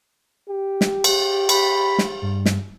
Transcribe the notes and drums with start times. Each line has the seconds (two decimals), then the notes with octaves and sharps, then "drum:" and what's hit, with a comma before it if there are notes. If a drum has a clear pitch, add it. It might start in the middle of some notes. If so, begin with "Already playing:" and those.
0.49 G4
0.81 drum: snare
1.04 drum: cymbal
1.49 B5, drum: cymbal
1.98 drum: snare
2.22 G2
2.46 drum: snare